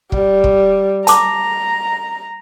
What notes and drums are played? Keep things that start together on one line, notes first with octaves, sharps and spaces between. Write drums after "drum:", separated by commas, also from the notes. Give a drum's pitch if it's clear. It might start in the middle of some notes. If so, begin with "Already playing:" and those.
G3, drum: kick
drum: kick
A5 A#5 D6, drum: hi-hat